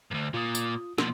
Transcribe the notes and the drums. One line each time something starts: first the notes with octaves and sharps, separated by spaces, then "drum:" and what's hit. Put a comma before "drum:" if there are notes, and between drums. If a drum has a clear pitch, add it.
D2 G2
A#2 F4 D#6
drum: tambourine
B2 F3 A#3 C6, drum: snare